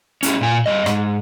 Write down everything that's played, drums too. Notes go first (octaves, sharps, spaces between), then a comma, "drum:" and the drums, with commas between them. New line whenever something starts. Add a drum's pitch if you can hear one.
C#4 E4 G#4, drum: hi-hat
A#2 G#5
G2 D#5
G#2, drum: rim click